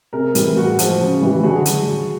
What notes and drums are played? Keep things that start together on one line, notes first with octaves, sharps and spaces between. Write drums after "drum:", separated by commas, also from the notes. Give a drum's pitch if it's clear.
C3 G#4 A#4
E3 G3, drum: hi-hat
A2 F#4 G#4
F3 G#3, drum: hi-hat
C#3
E3 G3
D3 F#4 G#4
F#3, drum: hi-hat
D3